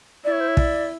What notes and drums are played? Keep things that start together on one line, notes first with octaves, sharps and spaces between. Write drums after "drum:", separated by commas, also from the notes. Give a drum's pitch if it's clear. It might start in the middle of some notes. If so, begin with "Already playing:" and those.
E4 D5
C#5
C5
C#5
D5, drum: kick